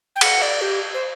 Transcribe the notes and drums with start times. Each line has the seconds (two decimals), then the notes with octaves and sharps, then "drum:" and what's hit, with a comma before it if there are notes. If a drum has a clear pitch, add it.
0.16 G5
0.21 F#5, drum: cymbal
0.42 D5
0.61 G4
0.94 C5